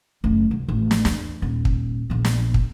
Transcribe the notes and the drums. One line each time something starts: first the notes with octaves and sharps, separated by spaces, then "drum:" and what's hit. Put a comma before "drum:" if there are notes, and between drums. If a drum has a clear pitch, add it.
F#1 A3
C2
A1
drum: snare
E2, drum: snare
D#1
drum: kick
A#1 B3
drum: snare
drum: kick